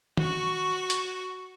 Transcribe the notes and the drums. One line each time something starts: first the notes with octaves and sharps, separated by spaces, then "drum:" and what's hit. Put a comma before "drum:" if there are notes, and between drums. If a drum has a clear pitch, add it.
F#4 C#6, drum: tom
drum: hi-hat